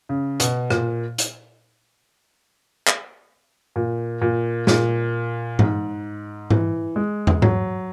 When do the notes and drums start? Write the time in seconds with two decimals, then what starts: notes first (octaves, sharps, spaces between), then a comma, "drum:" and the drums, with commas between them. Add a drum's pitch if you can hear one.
0.09 C#3
0.40 B2, drum: hi-hat
0.70 A#2, drum: rim click
1.18 drum: hi-hat
2.87 drum: clap
3.76 A#2
4.22 A#2
4.67 A#2, drum: snare
5.59 G#2, drum: tom G#2
6.50 E3, drum: tom G#2
6.96 G#3
7.27 drum: tom
7.42 F#3, drum: tom G#2